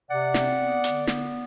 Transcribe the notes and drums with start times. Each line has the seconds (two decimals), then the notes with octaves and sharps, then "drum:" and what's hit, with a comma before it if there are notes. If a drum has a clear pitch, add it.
0.10 C3 D5 F#5
0.34 C4, drum: snare
0.60 B3
0.84 D3, drum: hi-hat
1.07 B3, drum: snare